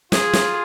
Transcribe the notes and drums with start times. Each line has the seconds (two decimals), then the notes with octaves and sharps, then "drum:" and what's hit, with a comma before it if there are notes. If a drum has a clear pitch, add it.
0.12 F4 G#4, drum: snare
0.33 drum: snare